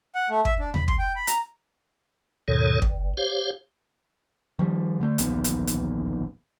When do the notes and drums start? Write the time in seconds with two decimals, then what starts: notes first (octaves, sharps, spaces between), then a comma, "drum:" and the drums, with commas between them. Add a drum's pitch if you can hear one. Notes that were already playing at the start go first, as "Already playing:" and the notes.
0.15 F#5
0.30 A3
0.45 E5, drum: kick
0.60 D4
0.74 B5, drum: tom D#2
0.88 C6, drum: kick
0.99 G5
1.16 B5
1.27 A#5, drum: hi-hat
2.48 D#2 G#2 B2 D#3 A4 C#5
2.82 G1, drum: kick
3.17 G4 C5 C#5 F5
4.59 D#3 F3 G3
5.00 D3 A3
5.18 D1 A#1 D#2 B3, drum: hi-hat
5.44 drum: hi-hat
5.67 drum: hi-hat